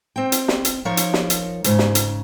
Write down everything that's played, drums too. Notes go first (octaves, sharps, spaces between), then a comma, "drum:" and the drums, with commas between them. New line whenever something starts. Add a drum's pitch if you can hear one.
C4 G5
drum: hi-hat
drum: snare
drum: hi-hat
F3 D#4 A#4 C#5
drum: hi-hat
drum: snare
drum: hi-hat
G#2 C#3, drum: hi-hat
drum: snare
drum: hi-hat